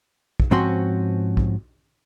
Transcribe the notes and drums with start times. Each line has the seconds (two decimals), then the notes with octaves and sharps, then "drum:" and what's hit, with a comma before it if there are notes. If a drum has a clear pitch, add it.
0.40 drum: kick
0.51 G#2 F3 C4 C#4 F#4 C6
1.37 drum: kick